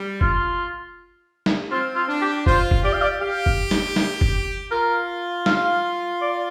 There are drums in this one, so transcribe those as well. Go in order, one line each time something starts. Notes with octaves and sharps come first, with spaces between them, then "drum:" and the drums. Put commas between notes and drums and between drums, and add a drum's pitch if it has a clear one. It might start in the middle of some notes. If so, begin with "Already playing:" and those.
Already playing: G3
F4, drum: kick F#1
drum: snare
C4 F4
F4
D4
G4
F4 C5, drum: kick F#1
drum: kick F#1
G4 D5
F5
D5
G4 F5
drum: kick F#1
drum: snare
drum: snare
drum: kick F#1
F4 A#4
F5, drum: snare
D5